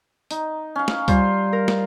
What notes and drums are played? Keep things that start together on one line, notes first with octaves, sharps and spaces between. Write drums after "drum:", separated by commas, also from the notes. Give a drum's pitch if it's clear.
D#4, drum: hi-hat
C#4 F5
drum: snare
G3 F4 C5 F5, drum: kick, hi-hat
A#4
drum: snare